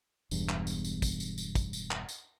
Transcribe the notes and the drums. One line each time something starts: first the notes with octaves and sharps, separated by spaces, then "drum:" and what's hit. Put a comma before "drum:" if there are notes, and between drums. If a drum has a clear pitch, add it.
E1 E2 G2, drum: tambourine
drum: clap
drum: tambourine
drum: tambourine
drum: kick, tambourine
drum: tambourine
drum: tambourine
drum: kick, tambourine
drum: tambourine
drum: clap
drum: tambourine